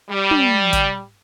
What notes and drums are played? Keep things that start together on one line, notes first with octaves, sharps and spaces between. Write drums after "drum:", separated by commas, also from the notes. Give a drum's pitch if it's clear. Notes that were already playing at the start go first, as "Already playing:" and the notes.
G3
drum: tom
drum: kick, hi-hat